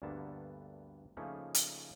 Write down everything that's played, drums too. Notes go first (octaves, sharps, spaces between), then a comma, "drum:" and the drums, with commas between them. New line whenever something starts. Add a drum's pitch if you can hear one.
D2 G2 D3 A#3 B3 A5
C#3 F3 A3 A#3 C#4 D#4
drum: hi-hat